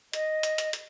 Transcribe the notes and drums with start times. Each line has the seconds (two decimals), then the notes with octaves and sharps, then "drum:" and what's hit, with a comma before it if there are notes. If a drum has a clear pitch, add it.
0.13 D#5, drum: hi-hat
0.43 drum: hi-hat
0.58 drum: hi-hat
0.73 drum: hi-hat